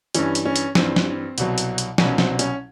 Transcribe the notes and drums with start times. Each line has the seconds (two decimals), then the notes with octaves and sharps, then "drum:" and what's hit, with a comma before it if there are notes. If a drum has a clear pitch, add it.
0.15 G2 E3 C#4, drum: hi-hat
0.35 drum: hi-hat
0.45 C#4
0.56 drum: hi-hat
0.75 G2 E3 C4, drum: snare
0.96 drum: snare
1.38 C2 B2 F#3, drum: hi-hat
1.58 drum: hi-hat
1.78 drum: hi-hat
1.98 C2 B2 F#3 C#4, drum: snare
2.18 C4, drum: snare
2.39 C#4, drum: hi-hat